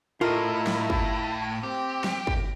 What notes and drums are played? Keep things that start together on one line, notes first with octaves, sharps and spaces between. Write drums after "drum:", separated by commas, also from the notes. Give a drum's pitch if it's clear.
A2 E4 F4 A#4 D#5
drum: snare
drum: kick
C4 G4
drum: snare
drum: kick